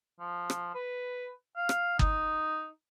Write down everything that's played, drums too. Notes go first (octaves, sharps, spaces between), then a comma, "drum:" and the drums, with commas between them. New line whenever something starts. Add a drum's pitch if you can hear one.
F3
drum: rim click
B4
F5
drum: rim click
D#4, drum: kick